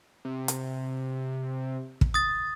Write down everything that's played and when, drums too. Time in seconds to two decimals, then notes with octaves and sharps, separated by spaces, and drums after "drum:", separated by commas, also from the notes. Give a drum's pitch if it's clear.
0.25 C3
0.48 drum: hi-hat
2.01 drum: kick
2.14 D#6 A6